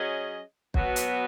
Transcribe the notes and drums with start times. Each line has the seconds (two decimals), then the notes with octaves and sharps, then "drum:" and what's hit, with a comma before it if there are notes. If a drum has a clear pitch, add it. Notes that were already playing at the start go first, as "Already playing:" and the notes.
Already playing: F#3 C#4 G#4 D#5
0.74 B2 F#3 B3, drum: kick
0.96 drum: hi-hat